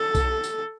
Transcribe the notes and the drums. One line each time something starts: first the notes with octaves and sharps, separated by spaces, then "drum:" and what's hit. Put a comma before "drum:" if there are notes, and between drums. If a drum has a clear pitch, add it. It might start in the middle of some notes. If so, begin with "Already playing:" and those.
Already playing: A4
drum: kick B1, tambourine
drum: tambourine